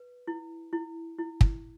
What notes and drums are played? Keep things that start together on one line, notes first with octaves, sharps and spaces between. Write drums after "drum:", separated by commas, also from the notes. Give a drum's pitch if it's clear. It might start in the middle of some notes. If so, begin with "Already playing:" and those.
Already playing: B4
E4
E4
E4
drum: kick